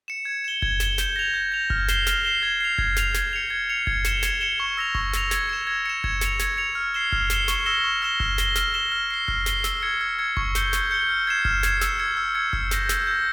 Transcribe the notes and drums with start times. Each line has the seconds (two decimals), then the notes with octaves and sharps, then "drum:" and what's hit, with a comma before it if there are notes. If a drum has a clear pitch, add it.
0.08 C#7 E7
0.25 G#6
0.44 E7 G7
0.62 G#6, drum: kick F#1
0.80 E7 G7, drum: snare
0.98 G6, drum: snare
1.16 A#6 F7
1.34 G6
1.52 A#6 F7
1.70 F6, drum: kick F#1
1.88 C7 E7 G7, drum: snare
2.07 F6, drum: snare
2.25 C7 E7 G7
2.43 G#6
2.61 C7 F7
2.78 G#6, drum: kick F#1
2.97 C7 F7, drum: snare
3.15 G#6, drum: snare
3.33 C#7 F7
3.50 G#6
3.69 C#7 F7
3.87 G#6, drum: kick F#1
4.05 C#7 E7 G7, drum: snare
4.23 G#6, drum: snare
4.41 C#7 E7 G7
4.60 C#6
4.77 E6 A#6 F7
4.95 C#6, drum: kick F#1
5.13 E6 A#6 F7, drum: snare
5.31 G#6, drum: snare
5.49 C#7 E7
5.67 G#6
5.86 C#7 E7
6.04 G#6, drum: kick F#1
6.21 C#7 F7, drum: snare
6.40 G#6, drum: snare
6.58 C#7 F7
6.75 F6
6.94 C7 E7 G7
7.12 F6, drum: kick F#1
7.30 C7 E7 G7, drum: snare
7.48 C#6, drum: snare
7.66 E6 A#6 E7 G7
7.84 C#6
8.02 E6 A#6 E7 G7
8.20 F6, drum: kick F#1
8.38 A#6 E7 G7, drum: snare
8.56 F6, drum: snare
8.74 A#6 E7 G7
8.92 F6
9.11 C7 G7
9.28 F6, drum: kick F#1
9.46 C7 G7, drum: snare
9.64 E6, drum: snare
9.82 G#6 C#7
10.01 E6
10.19 G#6 C#7
10.37 C#6, drum: kick F#1
10.55 G6 C#7 G7, drum: snare
10.73 C#6, drum: snare
10.91 G6 C#7 G7
11.09 F6
11.27 G#6 C7 E7
11.45 F6, drum: kick F#1
11.63 G#6 C7 E7, drum: snare
11.81 E6, drum: snare
11.99 G#6 C#7
12.17 E6
12.35 G#6 C#7
12.53 E6, drum: kick F#1
12.71 G6 A#6, drum: snare
12.89 E6, drum: snare
13.07 G6 A#6